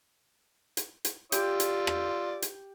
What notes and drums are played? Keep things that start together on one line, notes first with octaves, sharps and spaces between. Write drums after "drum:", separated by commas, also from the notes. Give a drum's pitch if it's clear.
drum: hi-hat
drum: hi-hat
F4 G4 D5 E6, drum: hi-hat
drum: hi-hat
drum: rim click
drum: hi-hat